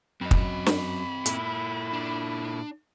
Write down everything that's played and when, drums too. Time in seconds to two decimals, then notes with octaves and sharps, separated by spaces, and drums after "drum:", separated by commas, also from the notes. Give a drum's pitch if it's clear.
0.21 F#2 C4 D#5 B5
0.31 drum: kick
0.66 drum: snare
1.26 A#2 E4, drum: hi-hat
1.93 D4